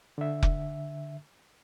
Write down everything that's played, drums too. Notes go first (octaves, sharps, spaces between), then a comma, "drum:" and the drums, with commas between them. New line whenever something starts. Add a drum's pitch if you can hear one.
D3 E5
drum: kick F1